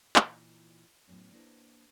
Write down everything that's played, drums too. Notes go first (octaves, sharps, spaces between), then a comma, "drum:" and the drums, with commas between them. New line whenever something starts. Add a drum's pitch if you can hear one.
A#2 E3 D#4 E4, drum: clap
A2 F#3 B3 C#4
A#3 D4 E4 B4 C5